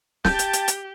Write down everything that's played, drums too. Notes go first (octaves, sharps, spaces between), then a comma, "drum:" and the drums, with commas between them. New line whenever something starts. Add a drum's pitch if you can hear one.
G4 G5 A5 G6, drum: snare
drum: hi-hat
drum: hi-hat
drum: hi-hat